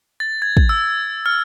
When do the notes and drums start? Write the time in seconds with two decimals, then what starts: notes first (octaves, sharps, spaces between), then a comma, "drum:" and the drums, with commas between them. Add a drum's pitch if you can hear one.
0.20 A6
0.42 G#6
0.57 drum: kick
0.69 E6
1.26 F6